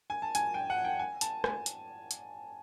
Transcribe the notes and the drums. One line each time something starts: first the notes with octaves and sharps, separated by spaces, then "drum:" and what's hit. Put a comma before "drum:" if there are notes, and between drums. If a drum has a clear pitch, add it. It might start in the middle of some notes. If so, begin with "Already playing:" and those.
G#5
A5
G#5, drum: hi-hat
G5
F#5
G5
G#5
A5, drum: hi-hat
G#5, drum: rim click
drum: hi-hat
drum: hi-hat